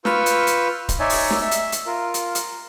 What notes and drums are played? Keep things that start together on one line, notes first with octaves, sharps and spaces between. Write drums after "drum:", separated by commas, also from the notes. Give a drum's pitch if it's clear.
F4 B4 C#6 E6 F6 G6, drum: snare
drum: hi-hat
drum: hi-hat
drum: kick D1, hi-hat
D#4 C#5 D5 E5 G#5
drum: open hi-hat
drum: snare
E5
drum: hi-hat
drum: hi-hat
F4 A#4
drum: hi-hat
drum: hi-hat